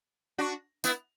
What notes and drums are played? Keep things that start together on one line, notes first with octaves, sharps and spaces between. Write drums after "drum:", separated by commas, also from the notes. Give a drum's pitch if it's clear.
D4 F#4
B3 E4, drum: tambourine